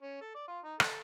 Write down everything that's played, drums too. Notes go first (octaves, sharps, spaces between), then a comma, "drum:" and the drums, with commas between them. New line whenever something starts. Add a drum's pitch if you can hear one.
C#4
A4
D5
F4
D#4
A4, drum: rim click